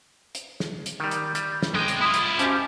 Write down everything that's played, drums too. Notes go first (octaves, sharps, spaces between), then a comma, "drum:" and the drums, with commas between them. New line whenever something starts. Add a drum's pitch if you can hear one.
drum: hi-hat
drum: snare
drum: hi-hat
D#3 G3 E6
drum: hi-hat
G3, drum: hi-hat
drum: snare
C2 G#3 A4 D#5 G5
drum: hi-hat
E4 F4 D#6
drum: hi-hat
F3 C#4 F#4 G4 D#5 A5, drum: hi-hat